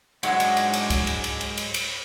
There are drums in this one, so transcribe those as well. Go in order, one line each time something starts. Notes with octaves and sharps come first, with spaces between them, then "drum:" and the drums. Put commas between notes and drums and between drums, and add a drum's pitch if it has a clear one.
G#2 F#3 G#3 D4 E4 F#5, drum: cymbal
drum: cymbal
drum: cymbal
drum: cymbal
drum: kick C#2, cymbal
drum: cymbal
drum: cymbal
drum: cymbal
drum: cymbal
drum: cymbal